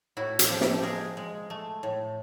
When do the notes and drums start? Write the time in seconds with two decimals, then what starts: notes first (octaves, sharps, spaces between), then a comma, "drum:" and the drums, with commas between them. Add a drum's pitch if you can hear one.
0.17 A2 E4 F#4
0.39 F4 G4, drum: hi-hat
0.50 F3
0.61 G4 A4, drum: snare
0.82 G#3 G#4 A#4
1.17 G#3
1.50 A3
1.83 A2